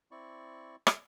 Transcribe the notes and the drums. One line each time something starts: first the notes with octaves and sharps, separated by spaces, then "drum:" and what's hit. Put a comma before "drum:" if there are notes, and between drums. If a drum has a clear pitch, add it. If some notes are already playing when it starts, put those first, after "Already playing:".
C4 E4 D5 C#6
drum: rim click